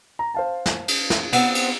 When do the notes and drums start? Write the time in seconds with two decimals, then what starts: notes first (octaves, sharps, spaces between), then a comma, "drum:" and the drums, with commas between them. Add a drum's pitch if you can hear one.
0.19 A#5
0.34 C5 F5 A5
0.66 drum: snare
0.88 drum: cymbal
1.10 drum: snare
1.33 B3 C4, drum: cymbal
1.55 drum: cymbal